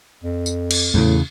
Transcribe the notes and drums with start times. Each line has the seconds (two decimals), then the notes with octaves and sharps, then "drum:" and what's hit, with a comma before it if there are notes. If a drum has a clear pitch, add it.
0.24 F2
0.46 drum: tambourine
0.71 drum: cymbal
0.94 E2 A2 C#3